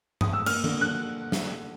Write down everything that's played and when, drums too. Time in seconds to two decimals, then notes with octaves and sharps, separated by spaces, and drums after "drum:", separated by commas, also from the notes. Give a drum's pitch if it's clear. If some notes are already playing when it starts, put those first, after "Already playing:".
0.21 D#6, drum: tom G2
0.33 E6
0.46 A#3 F6, drum: cymbal
0.64 D3, drum: tom D#3
0.80 D3 F#6
1.32 drum: snare